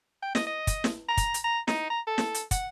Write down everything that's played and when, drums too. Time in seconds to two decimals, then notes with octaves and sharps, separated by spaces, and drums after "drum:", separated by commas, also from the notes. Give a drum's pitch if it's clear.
0.22 G5
0.35 D#5, drum: snare
0.47 D#5
0.67 drum: kick, hi-hat
0.84 drum: snare
1.08 A#5
1.17 drum: kick, hi-hat
1.34 drum: hi-hat
1.44 A#5
1.68 D#4, drum: snare
1.90 A#5
2.07 A4
2.18 drum: snare
2.34 drum: hi-hat
2.51 F#5, drum: kick, hi-hat